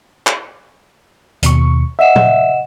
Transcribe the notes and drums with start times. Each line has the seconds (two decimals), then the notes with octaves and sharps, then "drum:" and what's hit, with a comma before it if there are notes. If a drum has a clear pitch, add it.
0.27 drum: clap
1.43 D#2 B2 C#6, drum: hi-hat
1.99 D#5 E5 F#5 E7
2.16 drum: tom A#2